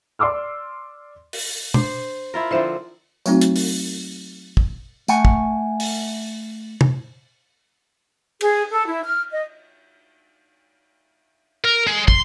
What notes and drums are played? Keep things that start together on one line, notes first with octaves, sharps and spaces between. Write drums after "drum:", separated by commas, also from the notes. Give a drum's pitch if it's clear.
D5 C6 D6 E6 F6
drum: open hi-hat
D4 C5, drum: tom B2
E4 F4 A#4
D3 F3 C4 E4 C5 E5
F#3 A3 C4 D#4 F#4, drum: tambourine
drum: hi-hat
drum: open hi-hat
drum: kick
A3 F#5 G#5, drum: tambourine
drum: kick
drum: open hi-hat
drum: tom C3
G#4, drum: cymbal
A4
E4
F6
D#5
A#4
G#3
C6, drum: kick